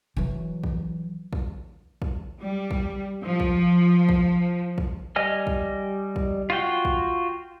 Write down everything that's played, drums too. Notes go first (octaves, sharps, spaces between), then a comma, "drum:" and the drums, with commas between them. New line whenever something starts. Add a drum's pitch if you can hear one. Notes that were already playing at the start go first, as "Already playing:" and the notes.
E3 F#3
drum: kick
drum: kick
drum: kick
G3
drum: kick
F3
drum: kick
drum: kick
drum: kick
G3 D#5 G#5 F6
drum: kick
drum: kick
F4 F#4 G5
drum: kick